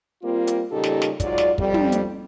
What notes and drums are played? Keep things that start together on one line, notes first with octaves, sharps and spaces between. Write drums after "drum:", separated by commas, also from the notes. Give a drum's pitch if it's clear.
G3 A#3 C4 F4
drum: hi-hat
A#2 C#3 G3 D#4 G4 A4
drum: snare
drum: snare
G#2 F#3 F4 D5, drum: kick, hi-hat
drum: snare
F2 G3, drum: kick
drum: tom
drum: hi-hat